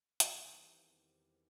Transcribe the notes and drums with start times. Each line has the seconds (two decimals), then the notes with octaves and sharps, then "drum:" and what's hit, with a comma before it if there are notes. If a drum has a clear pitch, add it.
0.20 E2 D#3 G3 C4 C5, drum: hi-hat